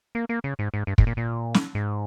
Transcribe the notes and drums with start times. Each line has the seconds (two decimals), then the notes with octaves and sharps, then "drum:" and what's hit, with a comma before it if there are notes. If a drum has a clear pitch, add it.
0.15 A#3
0.29 A#3
0.44 C#3
0.59 G#2
0.74 G#2
0.87 G2
0.98 G#2, drum: kick
1.07 A#2
1.17 A#2
1.54 drum: snare
1.75 G#2